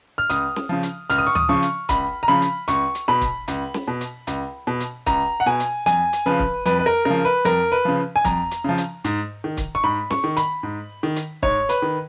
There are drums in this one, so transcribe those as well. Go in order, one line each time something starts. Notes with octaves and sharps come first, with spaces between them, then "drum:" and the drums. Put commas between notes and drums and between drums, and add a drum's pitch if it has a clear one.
F6
C#2 D#6, drum: hi-hat
drum: snare
C#3 F3
drum: hi-hat
C#2 F6, drum: hi-hat
D#6
C#6
D#6, drum: tom D2
C#3 F3 C#6
drum: hi-hat
C#2 B5, drum: kick, hi-hat
A#5
C#3 F3 B5
drum: hi-hat
C#2 C#6, drum: hi-hat
drum: hi-hat
B2 B5
drum: kick, hi-hat
C#2, drum: hi-hat
drum: snare
B2
drum: hi-hat
C#2, drum: hi-hat
B2
drum: hi-hat
C#2 A#5, drum: kick, hi-hat
F#5
B2 G#5
drum: hi-hat
F2 G#5, drum: hi-hat
drum: hi-hat
C#3 F3 B4
drum: kick
F2 B4, drum: hi-hat
B4
A#4
C#3 F3 A#4
B4
F2 A#4, drum: hi-hat
B4
C#3 F3
G#5
F2 A#5, drum: kick, hi-hat
drum: hi-hat
C#3 F3
drum: hi-hat
G#2, drum: hi-hat
D#3
drum: kick, hi-hat
C#6
G#2 B5
C#6, drum: snare
D#3
B5, drum: hi-hat
G#2
D#3
drum: hi-hat
G#2 C#5, drum: kick
B4, drum: hi-hat
D#3